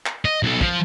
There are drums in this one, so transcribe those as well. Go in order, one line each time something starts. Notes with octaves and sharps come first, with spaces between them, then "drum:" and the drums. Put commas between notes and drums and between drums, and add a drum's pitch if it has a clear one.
drum: clap
D#5
B1 A4
F3, drum: kick